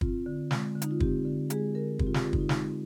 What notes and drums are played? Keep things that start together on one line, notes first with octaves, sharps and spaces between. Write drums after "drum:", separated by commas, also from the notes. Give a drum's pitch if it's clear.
C4 F4, drum: kick
D3
G#3, drum: snare
D3
D#4, drum: hi-hat
F4
C4 G4, drum: kick
D3
G#3 G#4, drum: hi-hat
D3 A#4
C4 G4, drum: kick
F4
G4, drum: snare
D3 F4
D#4, drum: kick
F4
G#3 D#4, drum: snare